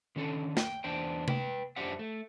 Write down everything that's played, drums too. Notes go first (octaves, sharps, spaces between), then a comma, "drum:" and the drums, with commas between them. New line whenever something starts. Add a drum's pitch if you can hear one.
D3 D#3 C#4 A4
G5, drum: snare
E2 D4 C5 G5
B4 G5, drum: tom C3
F#2 D4 G4 C5 E5 F#5
A3